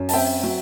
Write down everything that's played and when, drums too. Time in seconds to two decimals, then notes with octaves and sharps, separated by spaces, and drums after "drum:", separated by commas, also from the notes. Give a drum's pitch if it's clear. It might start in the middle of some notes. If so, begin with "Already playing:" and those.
Already playing: F#2
0.09 A5, drum: open hi-hat
0.13 C4 E5 G5
0.43 F#3